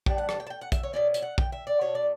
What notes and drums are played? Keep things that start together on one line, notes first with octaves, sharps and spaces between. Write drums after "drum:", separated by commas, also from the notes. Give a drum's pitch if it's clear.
A2 G3 D4 G5, drum: kick
F#5
A5, drum: rim click
G5
A5
G5
F#5
E5, drum: kick, hi-hat
C#5
B2 G3 C#4 D5
E5, drum: hi-hat
F#5
G5, drum: kick
E5
D5
B2 A3 D4 C#5
D5